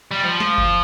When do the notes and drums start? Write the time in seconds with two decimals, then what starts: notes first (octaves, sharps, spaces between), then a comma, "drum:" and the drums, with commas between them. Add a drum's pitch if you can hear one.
0.11 G3
0.23 F3
0.40 drum: snare
0.58 drum: kick F#1